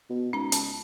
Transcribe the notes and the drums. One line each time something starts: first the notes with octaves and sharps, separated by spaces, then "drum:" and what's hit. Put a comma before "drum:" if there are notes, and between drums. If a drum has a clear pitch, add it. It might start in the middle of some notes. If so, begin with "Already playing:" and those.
B2
G#2 C#4 A#5
C#2 A5, drum: hi-hat